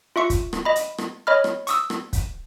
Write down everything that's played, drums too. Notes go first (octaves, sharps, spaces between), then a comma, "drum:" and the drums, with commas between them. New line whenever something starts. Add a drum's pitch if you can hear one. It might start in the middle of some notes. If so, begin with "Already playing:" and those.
F4 E5 C#6 C#7
drum: kick, hi-hat
drum: rim click
D#5 B5
drum: hi-hat
drum: rim click
C#5 D#5 B5 F6
drum: rim click
C#6 D#6 E6, drum: hi-hat
drum: rim click
drum: kick, hi-hat